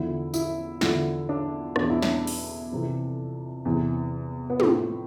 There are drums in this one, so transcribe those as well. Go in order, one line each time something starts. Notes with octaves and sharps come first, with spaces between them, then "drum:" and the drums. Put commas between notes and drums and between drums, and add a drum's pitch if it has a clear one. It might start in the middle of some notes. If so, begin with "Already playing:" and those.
Already playing: E2 D3 F3 E4
E4, drum: tambourine
E2 D3 F3 E4, drum: snare
D4
E2 B2 D4, drum: rim click
E4
D4, drum: snare
drum: open hi-hat
F2 C3 E3
E2 C3 E3
B3
A2 F3 C4, drum: tom